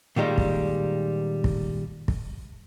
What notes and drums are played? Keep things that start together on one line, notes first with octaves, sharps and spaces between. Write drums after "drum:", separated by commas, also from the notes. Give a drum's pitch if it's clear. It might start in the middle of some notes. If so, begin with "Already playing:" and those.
A#2 D#3 G3 G#3
drum: kick
drum: kick
drum: kick